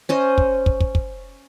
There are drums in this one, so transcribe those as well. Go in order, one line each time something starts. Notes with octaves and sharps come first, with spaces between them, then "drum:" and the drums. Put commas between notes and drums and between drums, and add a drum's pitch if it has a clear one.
C#4 C5 D#5
drum: kick
drum: kick
drum: kick
drum: kick